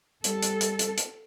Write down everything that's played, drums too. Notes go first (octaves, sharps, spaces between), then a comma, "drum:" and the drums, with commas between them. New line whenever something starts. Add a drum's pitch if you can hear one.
G3 A4, drum: hi-hat
drum: hi-hat
drum: hi-hat
drum: hi-hat
drum: hi-hat